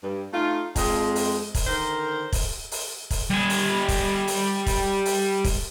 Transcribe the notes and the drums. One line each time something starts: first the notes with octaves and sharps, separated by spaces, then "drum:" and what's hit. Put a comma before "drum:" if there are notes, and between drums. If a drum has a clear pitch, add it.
G2
A3 D#4 F4
F2 G#3, drum: kick, open hi-hat
drum: open hi-hat
drum: kick, open hi-hat
D3 D#3 A#4 C5
drum: kick, open hi-hat
drum: open hi-hat
drum: kick, open hi-hat
G3 G#5
drum: open hi-hat
drum: kick, open hi-hat
drum: open hi-hat
drum: kick, open hi-hat
drum: open hi-hat
drum: kick, open hi-hat